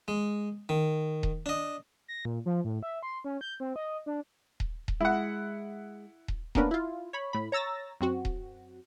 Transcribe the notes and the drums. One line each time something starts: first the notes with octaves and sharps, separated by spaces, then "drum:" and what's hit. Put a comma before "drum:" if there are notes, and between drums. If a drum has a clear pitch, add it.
G#3
D#3
drum: kick D#1
D4 D#5
A#6
A#2
F3
A2
E5
C6
C#4
G6
C4
D#5
D4
drum: kick D#1
drum: kick D#1
G#3 E4 F#5
drum: kick D#1
A#3 B3 C#4 D4 A#4 B4, drum: kick D#1
E4 F4
C#5 B5
A2 B5
C#5 A#5 E6 A6 A#6
F#2 C4 F#4
drum: kick D#1